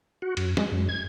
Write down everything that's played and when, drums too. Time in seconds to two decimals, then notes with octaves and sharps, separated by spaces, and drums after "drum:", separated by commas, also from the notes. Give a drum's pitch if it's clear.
0.22 F#4
0.37 F#2, drum: cymbal
0.57 G#3, drum: snare
0.72 F#2
0.89 G#6